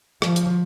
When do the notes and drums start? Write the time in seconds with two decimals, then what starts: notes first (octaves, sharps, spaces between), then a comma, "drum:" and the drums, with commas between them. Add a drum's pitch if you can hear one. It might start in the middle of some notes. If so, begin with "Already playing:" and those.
0.22 F3, drum: rim click
0.36 drum: hi-hat